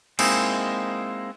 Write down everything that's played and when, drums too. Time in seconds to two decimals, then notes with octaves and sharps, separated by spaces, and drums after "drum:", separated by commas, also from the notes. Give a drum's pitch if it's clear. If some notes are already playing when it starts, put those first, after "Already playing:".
0.19 G#3 A#3 C4 D#4 E4, drum: cymbal